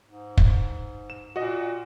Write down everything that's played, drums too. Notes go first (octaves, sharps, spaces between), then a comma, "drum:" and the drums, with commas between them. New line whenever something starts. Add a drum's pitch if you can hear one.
G#2
drum: kick
E7
A#2 F#4 D#5